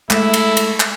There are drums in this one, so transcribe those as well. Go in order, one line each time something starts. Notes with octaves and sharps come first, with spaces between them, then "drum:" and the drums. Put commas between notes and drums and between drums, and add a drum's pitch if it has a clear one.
G#3 A3 E4, drum: clap
drum: cymbal
drum: cymbal
drum: clap